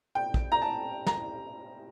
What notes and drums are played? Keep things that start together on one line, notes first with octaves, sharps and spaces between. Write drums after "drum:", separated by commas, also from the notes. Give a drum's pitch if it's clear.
G5
drum: kick A#1
A#5
A5
A#5, drum: snare